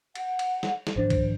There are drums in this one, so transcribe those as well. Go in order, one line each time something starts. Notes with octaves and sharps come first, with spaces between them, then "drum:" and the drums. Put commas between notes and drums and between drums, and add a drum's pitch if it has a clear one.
F#5, drum: cymbal
drum: cymbal
drum: snare
drum: snare
G#1 F3 D4 C5
drum: kick C2, cymbal